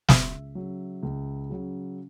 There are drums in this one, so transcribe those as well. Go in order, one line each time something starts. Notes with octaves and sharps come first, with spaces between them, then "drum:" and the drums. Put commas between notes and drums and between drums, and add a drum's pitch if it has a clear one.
C#2 E5, drum: snare
C#3 F#3
C#2
C#3 F#3